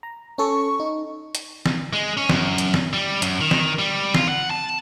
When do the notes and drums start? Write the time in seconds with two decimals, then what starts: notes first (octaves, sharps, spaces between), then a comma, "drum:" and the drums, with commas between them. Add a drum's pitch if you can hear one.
0.03 A#5
0.38 C#4 A4 C#6
0.80 D#4
1.35 drum: hi-hat
1.66 drum: snare
1.93 G#3
2.17 C#4
2.29 F#2, drum: snare
2.58 drum: hi-hat
2.74 drum: snare
2.94 G3
3.22 F#2, drum: hi-hat
3.41 D#3
3.51 drum: snare
3.79 G3
4.14 F4, drum: snare
4.28 F#5
4.50 A5